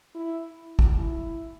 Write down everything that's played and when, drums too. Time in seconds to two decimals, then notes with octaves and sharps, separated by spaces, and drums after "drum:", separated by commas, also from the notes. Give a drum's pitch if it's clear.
0.15 E4
0.79 drum: kick
0.99 E4